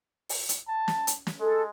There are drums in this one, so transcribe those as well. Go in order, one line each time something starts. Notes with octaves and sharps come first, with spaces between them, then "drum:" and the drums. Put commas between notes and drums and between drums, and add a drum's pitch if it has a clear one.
drum: open hi-hat
drum: hi-hat
A5
drum: snare
drum: hi-hat
drum: snare
G#3 A4